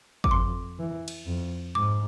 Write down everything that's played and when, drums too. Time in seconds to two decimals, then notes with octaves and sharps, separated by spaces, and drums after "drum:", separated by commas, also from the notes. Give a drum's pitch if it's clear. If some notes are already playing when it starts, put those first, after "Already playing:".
0.24 D6, drum: kick
0.31 F2 C6
0.79 E3
1.08 drum: cymbal
1.27 F2
1.75 G#2 D6